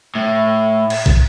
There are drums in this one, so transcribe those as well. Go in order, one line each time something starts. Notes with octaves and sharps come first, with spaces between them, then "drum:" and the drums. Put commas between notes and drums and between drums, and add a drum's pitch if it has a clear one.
A2
drum: cymbal
drum: kick